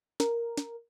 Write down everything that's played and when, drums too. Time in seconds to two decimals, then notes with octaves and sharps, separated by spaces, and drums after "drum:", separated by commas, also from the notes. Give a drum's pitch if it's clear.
0.20 A#4, drum: snare
0.58 drum: snare